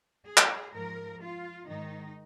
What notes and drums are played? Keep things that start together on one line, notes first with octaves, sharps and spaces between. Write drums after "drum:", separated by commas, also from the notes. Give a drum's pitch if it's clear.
G#4
drum: clap
G#2 F3 A#4
F4
G#2 D#3 D#4